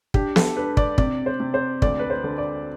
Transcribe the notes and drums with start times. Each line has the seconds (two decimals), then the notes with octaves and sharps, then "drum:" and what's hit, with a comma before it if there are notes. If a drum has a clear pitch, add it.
0.14 D4 G4, drum: kick
0.36 A4, drum: snare
0.57 D4 B4
0.77 D5, drum: kick
0.98 C3 D5, drum: kick
1.26 C5
1.40 C3
1.54 C5
1.82 D2 D5, drum: kick
1.99 B4
2.10 C5
2.24 D3
2.38 D5